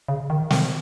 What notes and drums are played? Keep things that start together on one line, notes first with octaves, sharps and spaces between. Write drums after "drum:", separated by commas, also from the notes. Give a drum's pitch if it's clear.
C#3
D#3
D#3, drum: snare